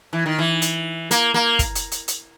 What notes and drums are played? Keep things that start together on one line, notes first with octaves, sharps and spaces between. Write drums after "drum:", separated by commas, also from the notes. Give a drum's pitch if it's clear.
E3
D#3
E3
drum: hi-hat
A#3, drum: hi-hat
A#3
drum: kick, hi-hat
drum: hi-hat
drum: hi-hat
drum: hi-hat